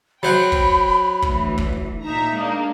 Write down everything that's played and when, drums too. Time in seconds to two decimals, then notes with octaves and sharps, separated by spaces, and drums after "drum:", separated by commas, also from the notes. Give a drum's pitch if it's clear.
0.23 F#3 C5 F#5 G5 B5
0.52 drum: kick
1.22 D2 E3, drum: kick
1.58 drum: kick
2.03 A#2 D#4 E5 A#5
2.35 G#3 A#3 D4